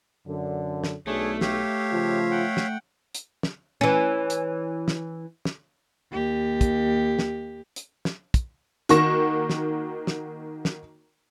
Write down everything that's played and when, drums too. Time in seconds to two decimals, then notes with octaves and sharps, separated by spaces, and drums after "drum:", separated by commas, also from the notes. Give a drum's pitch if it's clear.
0.27 F#2 D3
0.84 drum: snare
1.07 B1 A3 D4 G#4 C#5
1.41 G4 C#5 E5 F5, drum: snare
1.92 C#3 F3 F4
2.31 F#5 G5
2.57 drum: snare
3.15 drum: hi-hat
3.43 drum: snare
3.81 E3 C#4
4.30 drum: hi-hat
4.88 drum: snare
5.45 drum: snare
6.12 D#2 G4
6.61 drum: kick, hi-hat
7.19 drum: snare
7.76 drum: hi-hat
8.05 drum: snare
8.34 drum: kick, hi-hat
8.89 D#3 A#3 F#4 C#6 A#6 E7, drum: hi-hat
9.50 drum: snare
10.07 drum: snare
10.65 drum: snare